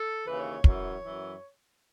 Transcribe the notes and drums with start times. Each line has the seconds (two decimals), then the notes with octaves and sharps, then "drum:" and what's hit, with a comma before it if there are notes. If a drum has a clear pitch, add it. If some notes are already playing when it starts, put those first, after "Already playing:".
Already playing: A4
0.25 D#2 C#3 E3 B4
0.38 C#5
0.51 C#5
0.64 F#2 E3, drum: kick
1.03 F#2 E3